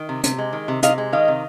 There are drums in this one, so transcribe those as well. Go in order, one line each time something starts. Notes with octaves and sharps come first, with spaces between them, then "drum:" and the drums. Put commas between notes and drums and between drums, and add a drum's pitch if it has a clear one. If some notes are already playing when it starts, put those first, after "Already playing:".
Already playing: D#3
C3
C3, drum: hi-hat
G#3
D#3
C3
C3 D#5 F5, drum: hi-hat
G#3
D#3 D#5 F5
C3